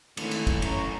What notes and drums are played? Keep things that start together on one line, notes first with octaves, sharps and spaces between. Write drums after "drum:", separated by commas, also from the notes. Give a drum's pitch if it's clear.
G#1 D2 A3 C#4 E4 A4, drum: cymbal
drum: cymbal
drum: kick, cymbal
F#2 C#5 A#5 C#6, drum: cymbal